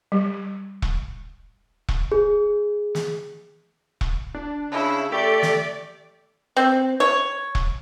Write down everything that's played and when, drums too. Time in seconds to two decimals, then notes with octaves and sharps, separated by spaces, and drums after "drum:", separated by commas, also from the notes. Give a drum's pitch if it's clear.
0.12 G3
0.82 drum: kick E1
1.89 drum: kick E1
2.12 G#4
2.95 drum: snare
4.01 drum: kick E1
4.34 D4
4.72 C#3 E4
5.12 A3 G4 A4 D5
5.42 drum: snare
6.57 C4
7.00 C#5
7.55 drum: kick E1